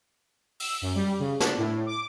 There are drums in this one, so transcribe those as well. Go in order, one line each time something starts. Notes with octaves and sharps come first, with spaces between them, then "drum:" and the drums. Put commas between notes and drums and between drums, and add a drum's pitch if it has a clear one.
E6, drum: open hi-hat
F#2
G3
C#3
D4, drum: snare
A2
D6